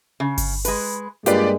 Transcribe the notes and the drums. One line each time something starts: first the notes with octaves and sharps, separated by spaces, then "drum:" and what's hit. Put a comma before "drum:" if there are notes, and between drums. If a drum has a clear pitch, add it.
C#3
drum: kick G1, open hi-hat
G#3 B4, drum: open hi-hat
G2 G#3 A#3 F4 G4 B4 D5, drum: hi-hat